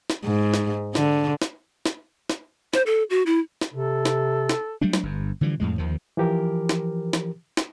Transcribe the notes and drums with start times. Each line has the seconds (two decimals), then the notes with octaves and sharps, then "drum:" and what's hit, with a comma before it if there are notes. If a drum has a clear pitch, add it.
0.10 drum: snare
0.25 G#2
0.54 drum: snare
0.95 D3, drum: snare
1.42 drum: snare
1.86 drum: snare
2.30 drum: snare
2.73 C5, drum: snare
2.86 A4
3.10 F#4
3.26 E4
3.61 drum: snare
3.74 C3 A4
4.05 drum: snare
4.49 drum: snare
4.82 F#3 G3 A3 D4
4.93 drum: snare
5.03 G1 G2
5.41 D3 E3 F3 G3
5.60 F2 A2 G#3
5.78 D#2 D#3 F3
6.17 E3 F3 G4 A#4
6.69 drum: snare
7.13 drum: snare
7.57 drum: snare